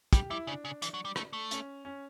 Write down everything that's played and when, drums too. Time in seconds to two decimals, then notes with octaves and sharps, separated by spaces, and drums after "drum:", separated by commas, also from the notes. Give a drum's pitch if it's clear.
0.13 G3 G4, drum: kick, hi-hat
0.30 G3 E4
0.47 C#3 D4
0.65 C#3
0.82 E3, drum: hi-hat
0.94 F#3
1.05 G3
1.16 A3, drum: rim click
1.33 A3
1.51 C#4, drum: hi-hat
1.85 C#4